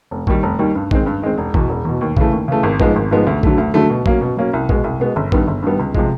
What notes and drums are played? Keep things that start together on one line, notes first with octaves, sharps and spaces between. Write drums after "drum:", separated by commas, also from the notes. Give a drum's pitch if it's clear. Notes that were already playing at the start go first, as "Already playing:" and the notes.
F1
D#2 D#3 G3, drum: kick
F1
D#2 D#3 G3
G2
D#3 G#3 C4, drum: kick
G2
D#3 G#3 C4
E1
E2 B2, drum: kick
E1
E2 B2
D#2
C#3 E3 A3, drum: kick
D#2
C#3 E3 A3
G#1
G#2 F3 G#3 B3, drum: kick
G#1
G#2 F3 G#3 B3
D2
D3 F#3 A3, drum: kick
D2
D3 F#3 A3
B2
F#3 A#3 C#4, drum: kick
B2
F#3 A#3 C#4
C2
B2 G#3 B3, drum: kick
C2
B2 G#3 B3
G1
G2 D#3 G3 B3, drum: kick
G1
G2 D#3 G3 B3
C#2
C3 F3 G#3, drum: kick